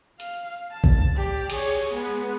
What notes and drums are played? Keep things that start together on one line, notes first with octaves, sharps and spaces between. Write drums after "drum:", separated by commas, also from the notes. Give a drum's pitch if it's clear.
F5, drum: hi-hat
A5
drum: kick A1
G4 D5
G#4 C#5, drum: cymbal
G#3 B3